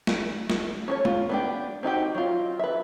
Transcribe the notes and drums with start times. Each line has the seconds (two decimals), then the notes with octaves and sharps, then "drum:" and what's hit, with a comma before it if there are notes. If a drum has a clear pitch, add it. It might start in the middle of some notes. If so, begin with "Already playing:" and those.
0.07 drum: snare
0.50 drum: snare
0.88 C#4 A4 C#5
1.05 F4, drum: tom G#3
1.29 B3 D4 G4
1.83 C4 D#4 F#4 G4
2.15 F#3 F4
2.59 B4 E5